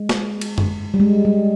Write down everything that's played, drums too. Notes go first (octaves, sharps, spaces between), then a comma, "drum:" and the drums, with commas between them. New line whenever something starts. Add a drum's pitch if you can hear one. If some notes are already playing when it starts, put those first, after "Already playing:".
Already playing: G#3
drum: snare
drum: cymbal
drum: tom F#2
G3
G#3
G3